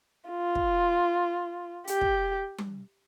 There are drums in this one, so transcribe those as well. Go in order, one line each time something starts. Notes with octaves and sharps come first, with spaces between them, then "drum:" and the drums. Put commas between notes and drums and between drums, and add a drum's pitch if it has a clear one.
F4
drum: kick
G4, drum: hi-hat
drum: kick
drum: tom G3